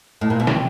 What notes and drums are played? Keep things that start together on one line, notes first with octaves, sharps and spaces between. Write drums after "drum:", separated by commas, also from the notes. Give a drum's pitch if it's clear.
A2
A#2
B2
C3, drum: snare